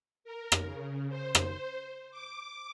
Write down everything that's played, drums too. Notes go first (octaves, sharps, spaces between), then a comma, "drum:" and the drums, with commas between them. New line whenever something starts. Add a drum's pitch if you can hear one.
A#4
drum: rim click
C#3
C5
drum: rim click
D6